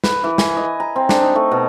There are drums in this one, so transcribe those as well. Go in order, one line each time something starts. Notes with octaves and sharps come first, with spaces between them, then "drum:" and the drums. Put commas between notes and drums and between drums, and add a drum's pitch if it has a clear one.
B4, drum: snare
E3
G#5, drum: snare
D#5
A#5
C4
D4, drum: snare
D#4
A3
B2